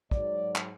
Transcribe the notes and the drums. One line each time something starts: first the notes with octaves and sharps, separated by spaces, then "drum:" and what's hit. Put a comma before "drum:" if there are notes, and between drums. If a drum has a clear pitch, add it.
G#2 F#3 D5, drum: kick
drum: clap